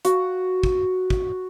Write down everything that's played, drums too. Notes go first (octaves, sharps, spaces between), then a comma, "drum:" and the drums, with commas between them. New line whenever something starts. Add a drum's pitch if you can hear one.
F#4, drum: hi-hat
drum: kick
drum: kick